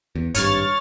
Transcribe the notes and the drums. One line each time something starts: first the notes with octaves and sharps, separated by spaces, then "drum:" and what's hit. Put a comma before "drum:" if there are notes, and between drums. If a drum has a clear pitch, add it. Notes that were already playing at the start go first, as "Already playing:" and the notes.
E2
G#1 G2 C#5 F6 A6, drum: hi-hat